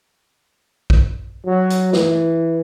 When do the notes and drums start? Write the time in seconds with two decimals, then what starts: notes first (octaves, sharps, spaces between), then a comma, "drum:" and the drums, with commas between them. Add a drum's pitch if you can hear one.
0.90 drum: kick A#1
1.46 F#3
1.70 drum: hi-hat
1.93 E3, drum: snare